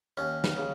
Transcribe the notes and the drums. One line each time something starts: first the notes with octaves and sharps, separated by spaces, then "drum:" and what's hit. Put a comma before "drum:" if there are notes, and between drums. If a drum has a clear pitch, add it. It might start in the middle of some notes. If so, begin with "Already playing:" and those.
D#2 C#4
drum: snare
C#3